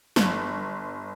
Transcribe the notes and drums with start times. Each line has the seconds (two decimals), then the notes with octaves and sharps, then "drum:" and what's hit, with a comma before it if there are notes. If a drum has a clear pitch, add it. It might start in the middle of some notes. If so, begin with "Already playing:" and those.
0.16 G1, drum: snare